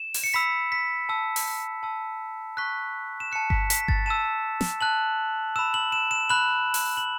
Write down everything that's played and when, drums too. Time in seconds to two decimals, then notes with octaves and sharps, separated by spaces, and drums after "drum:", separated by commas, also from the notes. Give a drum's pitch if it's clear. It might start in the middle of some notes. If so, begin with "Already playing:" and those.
Already playing: E7
0.14 drum: open hi-hat
0.24 C#7
0.34 B5 E6 B6
0.72 B6
1.09 A5 E6
1.36 drum: open hi-hat
1.83 A5 E6
2.57 A5 C#6 F#6 B6
3.20 E7
3.32 A5 F#6 C#7
3.50 B6, drum: kick G1
3.70 B6, drum: hi-hat
3.88 A6, drum: kick G1
4.06 A5 E6 E7
4.61 drum: snare
4.81 A5 F#6 F#7
5.56 B5 E6 E7
5.74 F#7
5.92 E7
6.11 E7
6.30 B5 F#6 F#7
6.74 drum: open hi-hat
6.97 F#7